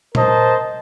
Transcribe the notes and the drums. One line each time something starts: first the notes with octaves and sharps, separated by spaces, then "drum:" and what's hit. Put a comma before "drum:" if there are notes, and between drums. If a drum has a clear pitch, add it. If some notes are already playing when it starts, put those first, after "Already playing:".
A#4 C5 D#5 A5, drum: tom A#2